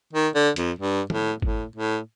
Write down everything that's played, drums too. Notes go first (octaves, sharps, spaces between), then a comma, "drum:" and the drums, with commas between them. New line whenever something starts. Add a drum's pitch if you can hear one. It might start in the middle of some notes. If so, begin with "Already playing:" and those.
D#3
D3
F2, drum: hi-hat
G2
A2, drum: tom
A2, drum: kick G#1
A2